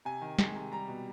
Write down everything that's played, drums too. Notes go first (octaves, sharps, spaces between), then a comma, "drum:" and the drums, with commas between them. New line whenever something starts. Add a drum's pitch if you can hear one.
C3 G#5
D#3
G#3, drum: snare
C3
G3 A#5
B2